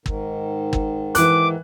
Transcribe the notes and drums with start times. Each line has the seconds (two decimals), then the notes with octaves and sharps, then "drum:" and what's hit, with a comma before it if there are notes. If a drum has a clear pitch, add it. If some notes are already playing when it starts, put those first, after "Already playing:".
0.06 G#2 D#3, drum: kick
0.73 drum: kick
1.15 E3 D6 F#6, drum: hi-hat